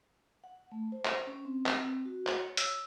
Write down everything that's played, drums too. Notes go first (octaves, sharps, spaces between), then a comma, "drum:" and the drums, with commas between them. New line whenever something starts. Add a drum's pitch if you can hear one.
F#5
A3
C5
drum: clap
C#4
C4
drum: clap
F#4
drum: clap
C#5
E6, drum: hi-hat